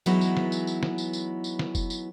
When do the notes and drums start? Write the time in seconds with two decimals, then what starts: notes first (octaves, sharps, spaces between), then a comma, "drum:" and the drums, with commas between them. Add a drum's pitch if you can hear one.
0.06 E3 F#3 G#3 B3 D#4 E4, drum: tambourine
0.21 drum: tambourine
0.37 drum: snare
0.52 drum: tambourine
0.67 drum: tambourine
0.83 drum: snare
0.98 drum: tambourine
1.13 drum: tambourine
1.44 drum: tambourine
1.59 drum: snare
1.75 drum: kick F1, tambourine
1.90 drum: tambourine